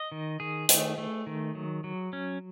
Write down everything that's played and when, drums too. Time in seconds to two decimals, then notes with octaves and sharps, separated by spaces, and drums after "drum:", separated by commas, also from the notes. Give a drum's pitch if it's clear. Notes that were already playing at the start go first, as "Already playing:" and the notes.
Already playing: D#5
0.12 D#3
0.40 D#3 G#4
0.69 A3, drum: hi-hat
0.98 A3
1.27 D#3
1.55 F#3
1.84 F#3
2.13 C#4